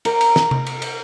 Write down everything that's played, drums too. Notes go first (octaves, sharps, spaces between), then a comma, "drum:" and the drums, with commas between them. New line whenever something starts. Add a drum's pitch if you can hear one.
A#4, drum: cymbal
drum: cymbal
drum: snare
drum: tom C3
drum: cymbal
drum: cymbal